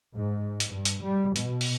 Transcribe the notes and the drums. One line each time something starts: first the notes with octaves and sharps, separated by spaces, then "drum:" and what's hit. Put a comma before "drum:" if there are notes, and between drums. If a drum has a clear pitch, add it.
G#2
drum: hi-hat
G2
drum: hi-hat
G3
B2, drum: hi-hat
drum: open hi-hat